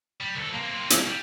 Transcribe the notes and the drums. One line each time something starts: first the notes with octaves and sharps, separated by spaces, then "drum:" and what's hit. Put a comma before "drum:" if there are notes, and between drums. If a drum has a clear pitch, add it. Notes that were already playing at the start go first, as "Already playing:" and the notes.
G3
C2 A4
A#3 C4
G3 A#3, drum: hi-hat
G3